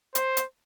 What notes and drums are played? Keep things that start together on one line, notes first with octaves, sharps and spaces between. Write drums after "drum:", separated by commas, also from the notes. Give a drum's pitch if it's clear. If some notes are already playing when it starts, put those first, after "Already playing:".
C5, drum: hi-hat
drum: hi-hat